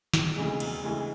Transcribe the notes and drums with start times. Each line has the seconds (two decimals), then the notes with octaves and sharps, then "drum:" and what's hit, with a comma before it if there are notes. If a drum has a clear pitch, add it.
0.14 E1, drum: snare
0.36 D2 C#3 E3 G#3
0.60 E1, drum: cymbal
0.83 D2 C#3 E3 G#3